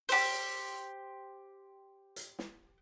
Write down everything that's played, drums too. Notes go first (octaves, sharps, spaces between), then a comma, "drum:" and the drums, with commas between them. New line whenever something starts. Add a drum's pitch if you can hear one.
G4 C5, drum: open hi-hat
drum: hi-hat
drum: snare